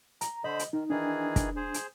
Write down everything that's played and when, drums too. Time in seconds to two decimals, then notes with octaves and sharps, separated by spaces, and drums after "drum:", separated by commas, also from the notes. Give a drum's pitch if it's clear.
0.21 A#5, drum: hi-hat
0.44 D3 C5 D#5 B5
0.59 drum: hi-hat
0.73 D#3 D#4
0.90 D#3 E3 D4 G#4
1.36 drum: kick, hi-hat
1.56 G#4 C5
1.74 drum: hi-hat